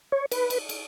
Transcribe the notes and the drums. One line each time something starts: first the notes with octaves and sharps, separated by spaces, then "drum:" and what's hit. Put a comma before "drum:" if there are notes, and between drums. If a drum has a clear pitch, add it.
C#5
B4, drum: cymbal
drum: cymbal
drum: cymbal